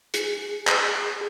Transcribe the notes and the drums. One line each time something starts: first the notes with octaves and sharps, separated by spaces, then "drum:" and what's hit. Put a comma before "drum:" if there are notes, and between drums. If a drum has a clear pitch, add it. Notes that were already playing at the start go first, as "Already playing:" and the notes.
G#4, drum: hi-hat
drum: clap